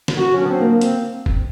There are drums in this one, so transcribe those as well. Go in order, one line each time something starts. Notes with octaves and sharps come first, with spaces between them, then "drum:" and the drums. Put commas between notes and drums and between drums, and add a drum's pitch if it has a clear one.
drum: snare
F#3 F#4
D3 C#4
B3
C4
A#3
C4, drum: hi-hat
drum: kick F1